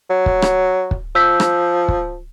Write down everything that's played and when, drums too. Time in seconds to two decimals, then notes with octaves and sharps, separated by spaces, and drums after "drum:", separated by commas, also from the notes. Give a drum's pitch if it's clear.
0.10 F#3
0.26 drum: kick
0.42 drum: rim click
0.91 drum: kick
1.15 F3 E6 G6 B6
1.40 drum: rim click
1.88 drum: kick